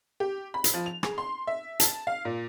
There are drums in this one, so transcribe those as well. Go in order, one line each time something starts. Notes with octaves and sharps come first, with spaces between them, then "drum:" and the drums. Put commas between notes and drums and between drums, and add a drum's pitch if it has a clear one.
G4
B5
drum: hi-hat
F3
F7
G#4, drum: rim click
C6
E5
A5, drum: hi-hat
F5
A#2